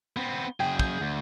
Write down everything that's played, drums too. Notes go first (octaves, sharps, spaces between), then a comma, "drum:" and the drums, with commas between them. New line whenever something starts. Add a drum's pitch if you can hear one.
B3 C4
F#2 G#4 G5
G6, drum: kick
D2